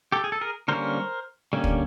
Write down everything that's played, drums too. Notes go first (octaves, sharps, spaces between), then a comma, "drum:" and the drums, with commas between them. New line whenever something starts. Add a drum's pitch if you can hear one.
G4 A4
G#4
A4
G#4 A#4
D3 G3 A#3 C#4 A#4 C5
D3 G3 A#3 C#4
drum: kick